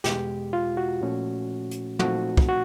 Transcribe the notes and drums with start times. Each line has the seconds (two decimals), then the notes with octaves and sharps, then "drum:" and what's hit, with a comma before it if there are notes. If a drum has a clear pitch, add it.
0.04 E2 B2 G#3 G4, drum: snare
0.53 F4
0.77 F#4
1.02 A#2 F3 A3 C#4
1.71 drum: hi-hat
1.99 A#2 F3 A3 C4 D#4 F#4, drum: tom
2.37 drum: kick
2.49 F#4